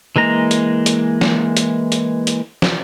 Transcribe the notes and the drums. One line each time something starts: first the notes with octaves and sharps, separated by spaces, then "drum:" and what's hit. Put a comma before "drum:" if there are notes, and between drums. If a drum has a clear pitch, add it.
E3 G#3 A#3 A#5
drum: hi-hat
drum: hi-hat
drum: snare
drum: hi-hat
drum: hi-hat
drum: hi-hat
drum: snare